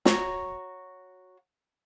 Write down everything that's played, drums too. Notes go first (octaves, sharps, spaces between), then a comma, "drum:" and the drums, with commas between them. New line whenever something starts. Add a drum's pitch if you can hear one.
F#4 C#5 A#5, drum: snare